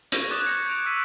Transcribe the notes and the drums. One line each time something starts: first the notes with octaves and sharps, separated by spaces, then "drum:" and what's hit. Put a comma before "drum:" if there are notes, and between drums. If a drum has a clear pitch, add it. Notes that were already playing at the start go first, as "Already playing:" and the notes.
C#6 G#6 A#6, drum: hi-hat
D6 D#6 F#6 G#6 A6 E7
C#6 G6 A#6 C#7
G#6 D7 F7
D#6 E6 F#6 B6 D#7